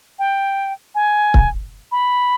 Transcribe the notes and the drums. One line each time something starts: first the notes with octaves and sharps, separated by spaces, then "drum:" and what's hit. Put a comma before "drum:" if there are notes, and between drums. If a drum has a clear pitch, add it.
G5
G#5
drum: kick C#1
B5